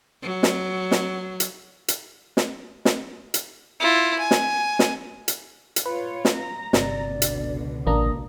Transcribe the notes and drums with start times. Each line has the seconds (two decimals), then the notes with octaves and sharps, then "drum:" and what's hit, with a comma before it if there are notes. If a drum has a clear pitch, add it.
0.22 F#3
0.43 drum: snare
0.91 drum: snare
1.40 drum: hi-hat
1.88 drum: hi-hat
2.37 drum: snare
2.85 drum: snare
3.34 drum: hi-hat
3.80 E4 F4
4.19 G#5
4.31 drum: snare
4.79 drum: snare
5.28 drum: hi-hat
5.76 drum: hi-hat
5.86 F4 B4 C#5
6.25 drum: snare
6.35 A#5
6.73 G1 C3 D5, drum: snare
7.12 C#2 B2 D3
7.22 drum: hi-hat
7.87 A1 A#3 D4 A#5 D#6